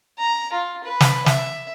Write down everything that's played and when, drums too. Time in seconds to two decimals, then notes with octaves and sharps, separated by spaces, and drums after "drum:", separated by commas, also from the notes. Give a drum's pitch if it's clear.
0.18 A#5
0.53 F4
0.84 B4
1.00 drum: snare
1.26 E5, drum: snare